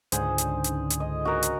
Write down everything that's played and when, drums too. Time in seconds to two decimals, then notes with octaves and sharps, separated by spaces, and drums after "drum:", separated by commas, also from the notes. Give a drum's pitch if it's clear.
0.12 C#2 G#2 D3 G#4 C5, drum: hi-hat
0.38 drum: hi-hat
0.64 drum: hi-hat
0.90 drum: hi-hat
1.00 D#5
1.25 F#4 A#4
1.43 drum: hi-hat